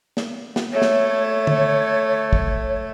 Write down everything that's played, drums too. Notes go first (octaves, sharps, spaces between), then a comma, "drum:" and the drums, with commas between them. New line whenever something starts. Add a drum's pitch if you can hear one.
drum: snare
drum: snare
A3 C#5
drum: snare
drum: tom D3
drum: kick